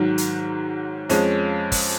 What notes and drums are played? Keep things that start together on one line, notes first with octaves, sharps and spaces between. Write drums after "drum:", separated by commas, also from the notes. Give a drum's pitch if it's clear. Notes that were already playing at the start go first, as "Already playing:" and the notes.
Already playing: G#2 D#3 F#3
drum: hi-hat
F2 F3 G#3 C#4, drum: hi-hat
drum: kick, open hi-hat